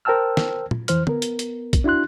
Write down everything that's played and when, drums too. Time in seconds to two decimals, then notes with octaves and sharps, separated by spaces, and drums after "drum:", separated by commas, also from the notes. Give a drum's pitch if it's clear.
0.05 A#4 C5 G5 A5 E6 F6
0.37 drum: snare
0.71 drum: tom
0.88 F2 E3 C5 F6, drum: hi-hat
1.07 B3 A#4, drum: tom
1.22 drum: hi-hat
1.39 drum: hi-hat
1.73 drum: kick, hi-hat
1.84 D4 E4 F#4 C6 F#6